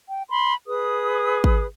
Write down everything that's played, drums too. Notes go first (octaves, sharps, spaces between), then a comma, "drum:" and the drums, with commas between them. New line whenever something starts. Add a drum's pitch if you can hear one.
G5
B5 C6
G#4 B4 D#6
drum: kick G#1